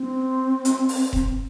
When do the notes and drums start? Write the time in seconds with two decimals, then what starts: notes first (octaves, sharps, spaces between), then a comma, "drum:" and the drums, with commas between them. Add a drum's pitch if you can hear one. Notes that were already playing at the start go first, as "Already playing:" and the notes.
Already playing: C4
0.65 drum: hi-hat
0.89 drum: open hi-hat
1.13 drum: kick E1